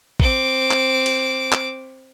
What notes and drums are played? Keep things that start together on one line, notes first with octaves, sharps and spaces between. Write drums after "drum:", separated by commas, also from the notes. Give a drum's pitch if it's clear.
C4 D6, drum: kick
drum: clap
drum: cymbal
drum: clap